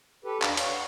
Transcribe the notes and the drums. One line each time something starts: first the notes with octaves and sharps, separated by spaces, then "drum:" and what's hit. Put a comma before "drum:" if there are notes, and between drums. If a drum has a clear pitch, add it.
G4 A4 B4
D#2 D4 F5 A#5, drum: clap
C#5 F5, drum: hi-hat
F#5